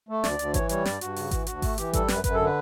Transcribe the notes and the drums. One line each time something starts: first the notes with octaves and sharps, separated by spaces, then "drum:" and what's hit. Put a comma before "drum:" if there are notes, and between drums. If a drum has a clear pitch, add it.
A3
D2 D5, drum: snare
D2, drum: hi-hat
E3 C#5, drum: kick G#1, hi-hat
G3 C#5, drum: hi-hat
G2 D5, drum: snare
G2 F#4, drum: hi-hat
C#3, drum: open hi-hat
E3, drum: kick G#1, hi-hat
D2 F#4, drum: hi-hat
A3, drum: kick G#1, open hi-hat
E3 G4, drum: hi-hat
G3 A4, drum: kick G#1, hi-hat
F#2 B4, drum: snare
F#2 B4, drum: kick G#1, hi-hat
D3 A4
B4